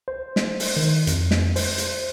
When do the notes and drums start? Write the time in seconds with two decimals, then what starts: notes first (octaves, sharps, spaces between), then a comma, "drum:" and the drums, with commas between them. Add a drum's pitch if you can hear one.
0.08 C5
0.36 drum: snare
0.60 drum: open hi-hat
0.77 D#3
1.07 F2, drum: hi-hat
1.31 drum: snare
1.56 C5, drum: open hi-hat
1.78 drum: hi-hat